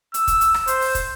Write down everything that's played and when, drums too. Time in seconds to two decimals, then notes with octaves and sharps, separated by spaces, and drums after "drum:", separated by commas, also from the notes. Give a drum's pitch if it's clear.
0.14 E6, drum: hi-hat
0.28 drum: kick, hi-hat
0.41 drum: hi-hat
0.54 drum: rim click
0.67 C5, drum: hi-hat
0.81 drum: open hi-hat
0.95 drum: kick, hi-hat